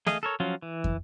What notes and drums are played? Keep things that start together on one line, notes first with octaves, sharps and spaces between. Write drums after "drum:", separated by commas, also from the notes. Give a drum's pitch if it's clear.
A3 G#4 D#5 F5, drum: snare
A4 A#4 C#5
F3 F#3 C#4 F4
E3
drum: kick